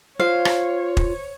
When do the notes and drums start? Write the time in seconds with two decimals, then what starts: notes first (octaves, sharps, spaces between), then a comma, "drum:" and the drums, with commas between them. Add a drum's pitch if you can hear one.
0.20 F4 C5 C#5 F5
0.45 drum: rim click
0.97 drum: kick